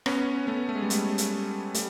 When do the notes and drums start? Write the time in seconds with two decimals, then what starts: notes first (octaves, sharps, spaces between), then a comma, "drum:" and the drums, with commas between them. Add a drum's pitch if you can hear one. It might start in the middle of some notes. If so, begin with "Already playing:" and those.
0.06 B3 C#4, drum: rim click
0.47 A3 B3
0.69 A3
0.76 G#3
0.82 G3
0.90 G#3, drum: hi-hat
1.18 drum: hi-hat
1.74 G3 A3, drum: hi-hat